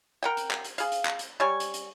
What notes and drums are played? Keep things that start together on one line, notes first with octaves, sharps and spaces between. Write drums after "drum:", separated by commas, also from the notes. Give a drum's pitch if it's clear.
A#4 F#5 G5
drum: hi-hat
drum: clap
drum: hi-hat
G#4 F5, drum: hi-hat
drum: hi-hat
drum: clap
drum: hi-hat
G3 C#5 G#5
drum: hi-hat
drum: hi-hat